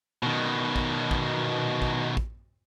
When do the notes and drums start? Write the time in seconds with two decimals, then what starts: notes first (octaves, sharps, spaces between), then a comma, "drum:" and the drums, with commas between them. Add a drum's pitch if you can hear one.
0.23 B2 D#3
0.76 drum: kick
1.11 drum: kick
1.82 drum: kick
2.17 drum: kick